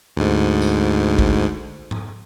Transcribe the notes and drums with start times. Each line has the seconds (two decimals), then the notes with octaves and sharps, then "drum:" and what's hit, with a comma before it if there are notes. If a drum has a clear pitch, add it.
0.17 D2 G#2
0.62 drum: tambourine
1.19 drum: kick
1.91 drum: tom G#2